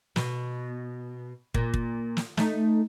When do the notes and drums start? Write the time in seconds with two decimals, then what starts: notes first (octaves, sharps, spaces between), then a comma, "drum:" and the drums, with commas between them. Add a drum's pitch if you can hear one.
0.16 B2, drum: snare
1.54 A#2, drum: kick
1.74 drum: kick
2.17 drum: snare
2.37 A3 D#4, drum: snare